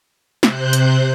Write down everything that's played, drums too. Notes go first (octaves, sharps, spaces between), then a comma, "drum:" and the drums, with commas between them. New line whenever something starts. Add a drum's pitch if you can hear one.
C3 C5 F#6 G6, drum: snare
drum: hi-hat